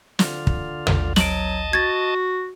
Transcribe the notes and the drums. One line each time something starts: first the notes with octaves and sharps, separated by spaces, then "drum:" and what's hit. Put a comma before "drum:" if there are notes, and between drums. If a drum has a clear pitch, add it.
D3 F4, drum: snare
drum: kick
drum: tom
F#3 D#5 A5 D7 F#7, drum: snare
F#4 G#6 A6